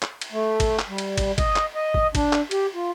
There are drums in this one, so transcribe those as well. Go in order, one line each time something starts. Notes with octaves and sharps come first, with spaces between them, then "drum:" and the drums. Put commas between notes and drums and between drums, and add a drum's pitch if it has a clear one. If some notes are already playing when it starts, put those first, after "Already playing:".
drum: clap
drum: cymbal
A3
drum: kick, cymbal
drum: clap
G3
drum: cymbal
drum: kick, cymbal
D#5, drum: kick, cymbal
drum: clap
D#5
drum: kick
D4, drum: kick, cymbal
drum: clap
G4, drum: cymbal
F4